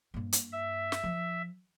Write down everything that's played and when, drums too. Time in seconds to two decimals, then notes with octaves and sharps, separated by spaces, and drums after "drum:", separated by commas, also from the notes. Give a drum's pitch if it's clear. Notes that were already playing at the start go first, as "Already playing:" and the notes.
0.14 G2 A#3
0.32 drum: hi-hat
0.53 E5
0.92 drum: snare
1.03 F3